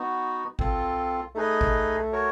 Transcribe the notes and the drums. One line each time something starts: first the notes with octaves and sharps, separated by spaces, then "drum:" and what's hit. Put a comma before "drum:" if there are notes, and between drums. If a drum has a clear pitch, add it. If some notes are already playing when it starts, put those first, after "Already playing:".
Already playing: B3 D#4 F#4
C4 F4 A4, drum: kick G#1
A3 D#4 G#4 B4 D#5
drum: kick G#1
F#4 A#4 C#5